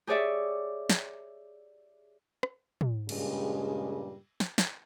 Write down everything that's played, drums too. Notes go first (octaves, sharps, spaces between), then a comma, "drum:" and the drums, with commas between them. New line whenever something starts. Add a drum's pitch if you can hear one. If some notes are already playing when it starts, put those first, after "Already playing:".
G4 G#4 C#5 D5 E5
drum: snare
drum: rim click
drum: tom
G2 A#2 C#3 G3 G#3, drum: cymbal
drum: snare
drum: snare